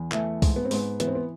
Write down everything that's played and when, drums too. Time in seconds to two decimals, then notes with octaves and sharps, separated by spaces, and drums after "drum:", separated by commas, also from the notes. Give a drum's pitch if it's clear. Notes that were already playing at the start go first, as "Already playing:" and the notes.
Already playing: E2
0.12 E3 A3, drum: clap
0.42 G#2, drum: kick C2, open hi-hat
0.56 B3
0.65 C4
0.71 G#2 B3, drum: open hi-hat
1.00 E3 B3, drum: hi-hat
1.07 C4
1.15 B3